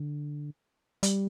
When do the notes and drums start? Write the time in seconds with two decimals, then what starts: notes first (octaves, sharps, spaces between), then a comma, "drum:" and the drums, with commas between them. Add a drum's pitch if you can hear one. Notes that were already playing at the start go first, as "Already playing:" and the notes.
Already playing: D3
1.03 G3, drum: hi-hat